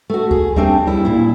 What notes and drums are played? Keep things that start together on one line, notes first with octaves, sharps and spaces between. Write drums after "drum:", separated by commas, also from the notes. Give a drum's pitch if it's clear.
A3 F#4
G#4, drum: kick C#2
G3 A3 C4 D4, drum: kick C#2
F#2 G3 E4
A#2 E4